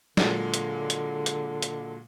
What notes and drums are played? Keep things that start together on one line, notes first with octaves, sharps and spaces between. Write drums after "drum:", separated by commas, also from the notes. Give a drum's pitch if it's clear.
A#2 D3 F#3 G#3, drum: snare
drum: hi-hat
drum: hi-hat
drum: hi-hat
drum: hi-hat